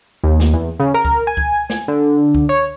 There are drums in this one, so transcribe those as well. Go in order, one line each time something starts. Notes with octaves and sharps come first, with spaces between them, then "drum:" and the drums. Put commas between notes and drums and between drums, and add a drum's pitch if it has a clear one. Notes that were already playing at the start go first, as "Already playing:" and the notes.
D#2
drum: snare
E2
C#3
A#4
drum: kick C#2
G#5
drum: kick C#2
drum: snare
D3
drum: kick C#2
C#5